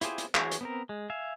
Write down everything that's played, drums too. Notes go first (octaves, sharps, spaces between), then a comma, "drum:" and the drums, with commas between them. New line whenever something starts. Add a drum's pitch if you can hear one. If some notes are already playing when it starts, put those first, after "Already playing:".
E4 F4 G4 G#4 C5, drum: hi-hat
drum: hi-hat
E3 F#4 G#4 C#5, drum: clap
drum: hi-hat
B3 C4 A#4
G#3
E5 F5 G#5